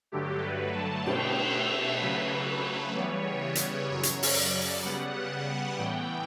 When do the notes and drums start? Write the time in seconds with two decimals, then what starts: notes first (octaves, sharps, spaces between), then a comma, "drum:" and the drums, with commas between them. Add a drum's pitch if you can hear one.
0.12 G2 D3 F#3 A3 G4
0.44 B4
0.75 A5
1.06 B2 A3 G5, drum: cymbal
1.54 E5
2.00 C#3 F#3 A3 B4
2.95 C#3 E3 G3 B3 C#5
3.55 drum: hi-hat
3.89 F#2 C#3 F#3 C#5
4.03 drum: hi-hat
4.23 drum: open hi-hat
4.36 D5
4.84 C#3 G3 B3 F#5
5.78 A2 E3 B3 G5